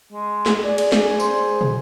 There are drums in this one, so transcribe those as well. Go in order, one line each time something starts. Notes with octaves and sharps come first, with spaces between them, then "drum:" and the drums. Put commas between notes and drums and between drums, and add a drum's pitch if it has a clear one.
G#3
G#4, drum: snare
D5
D5, drum: cymbal
drum: snare
C5, drum: tambourine
drum: tom